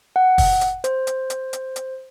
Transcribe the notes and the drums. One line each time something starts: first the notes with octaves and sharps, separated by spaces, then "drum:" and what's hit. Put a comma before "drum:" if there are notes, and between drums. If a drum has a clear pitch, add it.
F#5
drum: kick, open hi-hat
drum: hi-hat
C5, drum: hi-hat
drum: hi-hat
drum: hi-hat
drum: hi-hat
drum: hi-hat